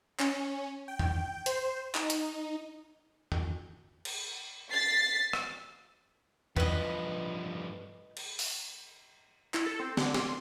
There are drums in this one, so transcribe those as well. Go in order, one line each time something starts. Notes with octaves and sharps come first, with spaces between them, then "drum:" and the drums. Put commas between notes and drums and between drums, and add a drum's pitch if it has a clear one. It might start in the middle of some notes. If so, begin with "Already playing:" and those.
C#4, drum: clap
G5
drum: tom E2
C5, drum: hi-hat
D#4, drum: clap
drum: hi-hat
drum: tom E2
drum: cymbal
A6 B6 C7
drum: rim click
G2 F3 B4 D#5, drum: tom E2
drum: cymbal
drum: open hi-hat
E4, drum: clap
A4
C4
D3, drum: snare
C6, drum: snare